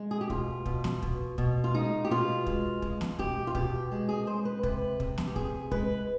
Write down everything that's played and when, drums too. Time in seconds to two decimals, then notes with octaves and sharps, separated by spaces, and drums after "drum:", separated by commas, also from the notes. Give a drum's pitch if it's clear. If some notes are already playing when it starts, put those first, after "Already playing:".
Already playing: G#3
0.11 G#4
0.21 G4
0.30 B2 F4, drum: kick
0.66 B2, drum: kick
0.84 drum: snare
1.02 B2, drum: kick
1.38 B2, drum: kick
1.64 F4
1.74 G#3 D#4
2.05 G4
2.10 B2 F4
2.46 G#3, drum: kick
2.82 G#3, drum: kick
3.01 drum: snare
3.19 B2 G4, drum: kick
3.47 F4
3.55 B2 G4, drum: kick
3.91 G#3
4.09 G#4
4.27 G#3 C5
4.45 B4
4.63 C3 B4, drum: kick
5.00 C3, drum: kick
5.18 drum: snare
5.27 G4
5.36 C3 G#4, drum: kick
5.71 G#3 B4, drum: kick